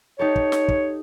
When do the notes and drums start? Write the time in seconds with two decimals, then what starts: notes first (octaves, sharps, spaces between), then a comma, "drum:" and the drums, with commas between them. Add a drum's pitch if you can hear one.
0.19 D#4 G4 A4 C#5
0.36 drum: kick
0.52 drum: snare
0.68 drum: kick